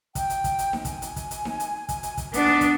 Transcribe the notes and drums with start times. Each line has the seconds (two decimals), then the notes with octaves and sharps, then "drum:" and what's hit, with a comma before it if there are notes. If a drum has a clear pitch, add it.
0.15 G5, drum: kick, hi-hat
0.30 drum: hi-hat
0.44 drum: kick, hi-hat
0.59 drum: hi-hat
0.73 drum: snare D#4
0.85 G#5, drum: kick, hi-hat
1.02 drum: hi-hat
1.16 drum: kick, hi-hat
1.31 drum: hi-hat
1.45 drum: snare D#4
1.60 drum: hi-hat
1.89 drum: kick, hi-hat
2.03 drum: hi-hat
2.17 drum: kick, hi-hat
2.34 B3 D4 D6, drum: hi-hat
2.46 drum: snare D#4
2.61 drum: kick, hi-hat